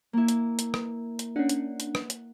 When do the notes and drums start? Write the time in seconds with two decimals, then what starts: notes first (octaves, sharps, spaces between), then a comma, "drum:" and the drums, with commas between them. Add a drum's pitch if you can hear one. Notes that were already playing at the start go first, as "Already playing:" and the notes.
0.13 A#3 E4
0.28 drum: hi-hat
0.59 drum: hi-hat
0.74 drum: rim click
1.19 drum: hi-hat
1.36 C#4 D4 F#5
1.49 drum: hi-hat
1.80 drum: hi-hat
1.95 drum: rim click
2.10 drum: hi-hat